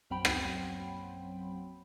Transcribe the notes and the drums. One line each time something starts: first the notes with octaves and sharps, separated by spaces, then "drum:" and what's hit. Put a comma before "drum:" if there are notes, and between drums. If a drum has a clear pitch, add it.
A#1 F#2 F#3 C4 G5 B5
drum: rim click